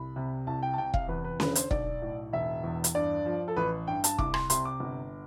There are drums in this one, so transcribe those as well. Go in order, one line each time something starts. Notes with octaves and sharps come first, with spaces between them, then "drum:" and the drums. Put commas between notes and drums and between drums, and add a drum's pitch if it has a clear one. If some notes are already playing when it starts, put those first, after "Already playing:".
Already playing: C2 B5
C3
C2 A5
G5
A5
C3 G5
F5, drum: kick E1
E2 B4
B4
D3 B4, drum: snare C#4
C5, drum: hi-hat
B1 D5, drum: kick E1
A2
E1 E5
E2
drum: hi-hat
G2 D5
F3
A4
A1 B4
G2 G5
A5, drum: hi-hat
C2 D6, drum: kick E1
C6, drum: rim click
C3 C6, drum: hi-hat
D6
G1